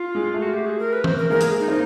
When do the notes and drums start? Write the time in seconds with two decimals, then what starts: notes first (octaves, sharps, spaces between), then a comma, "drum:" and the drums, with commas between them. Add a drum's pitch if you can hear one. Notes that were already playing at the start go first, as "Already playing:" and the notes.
Already playing: F4
0.15 G#3
0.34 A3
0.42 F#4
0.54 G4
0.66 G#4
0.79 A#4
0.93 B4
1.04 C5, drum: tom E3
1.18 A#4
1.30 G#3 A#3 A#4
1.41 G#4, drum: hi-hat
1.60 D#4
1.68 A#3 C4